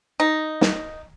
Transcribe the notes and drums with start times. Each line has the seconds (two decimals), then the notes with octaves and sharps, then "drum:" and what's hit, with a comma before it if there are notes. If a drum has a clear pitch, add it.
0.20 D#4
0.61 drum: snare